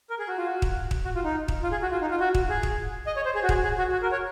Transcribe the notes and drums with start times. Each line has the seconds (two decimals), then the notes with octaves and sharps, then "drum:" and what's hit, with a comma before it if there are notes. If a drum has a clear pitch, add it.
0.10 A#4
0.19 G#4
0.28 F#4
0.37 F4
0.46 F#4
0.62 drum: kick
0.91 drum: kick
1.05 F#4
1.15 F4
1.24 D#4
1.48 drum: kick
1.63 F4
1.72 G#4
1.82 F#4
1.91 F4
2.01 D#4
2.11 F4
2.20 F#4
2.35 drum: kick
2.49 G#4
2.63 drum: kick
3.07 D#5
3.16 C#5
3.25 C5
3.35 G#4
3.43 F#4
3.49 G#4, drum: kick
3.64 G#4
3.78 F#4
3.92 F#4
4.02 A#4
4.12 C#5